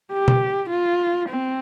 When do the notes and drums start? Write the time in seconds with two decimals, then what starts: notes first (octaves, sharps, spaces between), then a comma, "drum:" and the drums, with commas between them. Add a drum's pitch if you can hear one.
0.12 G4
0.28 drum: tom
0.70 F4
1.29 C4